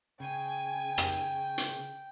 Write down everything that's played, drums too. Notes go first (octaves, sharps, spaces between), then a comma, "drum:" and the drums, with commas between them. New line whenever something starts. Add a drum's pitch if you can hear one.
C#3 G5 G#5
drum: rim click
drum: hi-hat